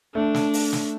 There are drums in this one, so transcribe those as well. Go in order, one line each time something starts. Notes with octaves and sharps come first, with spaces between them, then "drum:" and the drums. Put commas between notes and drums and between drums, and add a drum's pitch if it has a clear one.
A3 D4
drum: snare
drum: open hi-hat
drum: snare